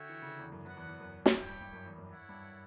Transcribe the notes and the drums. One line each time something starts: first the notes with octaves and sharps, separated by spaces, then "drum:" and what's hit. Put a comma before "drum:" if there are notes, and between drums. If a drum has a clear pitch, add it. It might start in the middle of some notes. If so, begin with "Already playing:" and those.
Already playing: D3 F#4 C#5 E5 G5
E3
C#3
D3
E2
F#2
F#2 B3 F#4 B4 F#5
E2
E2
F#2
G2, drum: snare
E4 G4 C#5 G5
G2
G2
F#2
E2
F#2
E4 A4 C#5 F#5
G2